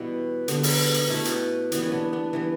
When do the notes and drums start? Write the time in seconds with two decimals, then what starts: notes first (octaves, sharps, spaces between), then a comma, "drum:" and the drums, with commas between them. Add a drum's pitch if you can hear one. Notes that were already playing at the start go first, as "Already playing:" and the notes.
Already playing: B2 E3 G3 B3 E4 G4
0.48 D3 G3 B3, drum: hi-hat
0.63 drum: open hi-hat
0.94 drum: hi-hat
1.09 B2 A3 E4 G4
1.25 drum: hi-hat
1.72 E3 G3 B3, drum: hi-hat
1.83 C#4
1.92 B3 D4
2.13 B3 D4
2.33 E3 G3 B3